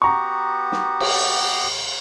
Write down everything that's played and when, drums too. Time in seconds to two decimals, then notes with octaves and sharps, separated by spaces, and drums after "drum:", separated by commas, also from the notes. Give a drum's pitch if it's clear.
0.02 B3 F#4 G4 A#5 C#6
0.72 drum: snare
1.00 drum: cymbal